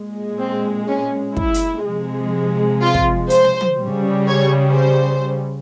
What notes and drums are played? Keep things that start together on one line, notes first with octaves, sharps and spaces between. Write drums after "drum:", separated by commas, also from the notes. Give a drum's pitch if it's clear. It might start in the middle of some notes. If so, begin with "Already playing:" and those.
Already playing: A#2 G#3
C4
C#4
E4, drum: kick
drum: hi-hat
C3 F3 G#3
F4
drum: kick
C5, drum: hi-hat
drum: snare
drum: tom
C#3 G3
C#5
C5